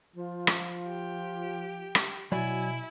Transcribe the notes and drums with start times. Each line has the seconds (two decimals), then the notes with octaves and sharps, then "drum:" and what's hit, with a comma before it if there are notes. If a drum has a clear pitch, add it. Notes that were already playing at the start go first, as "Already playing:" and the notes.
0.16 F3 F4
0.47 drum: rim click
0.88 G4
1.95 drum: rim click
2.32 B2 F#3 E4 D5 G#5 B5